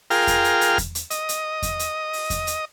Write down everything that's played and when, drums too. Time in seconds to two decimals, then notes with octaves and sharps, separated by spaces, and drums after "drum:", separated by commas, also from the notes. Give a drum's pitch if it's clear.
0.10 F4 G#4 A#4 G5 F6, drum: open hi-hat
0.27 drum: kick E2, hi-hat
0.44 drum: hi-hat
0.61 drum: hi-hat
0.78 drum: kick E2, hi-hat
0.95 drum: hi-hat
1.10 D#5, drum: hi-hat
1.29 drum: hi-hat
1.62 drum: kick E2, hi-hat
1.79 drum: hi-hat
2.13 drum: open hi-hat
2.30 drum: kick E2, hi-hat
2.47 drum: hi-hat